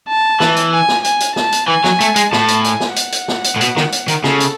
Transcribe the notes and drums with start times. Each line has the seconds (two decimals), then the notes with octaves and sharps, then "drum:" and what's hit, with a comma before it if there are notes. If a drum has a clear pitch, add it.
0.09 A5
0.40 E3, drum: snare
0.56 drum: hi-hat
0.72 G#5
0.88 drum: snare
1.04 G#5, drum: hi-hat
1.20 drum: hi-hat
1.36 A5, drum: snare
1.52 drum: hi-hat
1.68 E3 G#5
1.84 F#3, drum: snare
2.00 A3, drum: hi-hat
2.16 G#3, drum: hi-hat
2.33 A2 A5, drum: snare
2.48 drum: hi-hat
2.64 G#5, drum: hi-hat
2.80 drum: snare
2.96 F#5, drum: hi-hat
3.12 drum: hi-hat
3.28 drum: snare
3.44 drum: hi-hat
3.56 A2
3.61 B2, drum: hi-hat
3.77 D#3, drum: snare
3.92 drum: hi-hat
4.08 D#3, drum: hi-hat
4.24 C#3 A4, drum: snare
4.40 drum: hi-hat